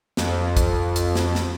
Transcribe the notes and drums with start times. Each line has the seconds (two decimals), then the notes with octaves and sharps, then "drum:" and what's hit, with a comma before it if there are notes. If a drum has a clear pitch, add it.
0.17 F2, drum: snare
0.57 drum: kick, hi-hat
0.96 drum: hi-hat
1.16 drum: snare
1.35 drum: snare